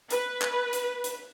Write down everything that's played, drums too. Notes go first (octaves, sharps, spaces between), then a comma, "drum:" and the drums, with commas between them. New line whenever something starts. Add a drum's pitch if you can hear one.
B4, drum: hi-hat
drum: clap
drum: hi-hat
drum: hi-hat